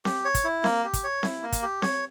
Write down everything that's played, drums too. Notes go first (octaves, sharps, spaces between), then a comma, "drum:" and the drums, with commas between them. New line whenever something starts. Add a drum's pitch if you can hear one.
G4, drum: snare C4
C#5
drum: kick, hi-hat
E4
A#3, drum: snare C4
G4
drum: kick, hi-hat
C#5
E4, drum: snare C4
A#3
drum: kick, hi-hat
G4
C#5, drum: snare C4